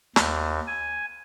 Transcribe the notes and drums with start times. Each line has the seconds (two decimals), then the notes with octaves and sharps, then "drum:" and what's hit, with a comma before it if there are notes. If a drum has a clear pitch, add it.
0.16 D#2, drum: snare
0.67 G#5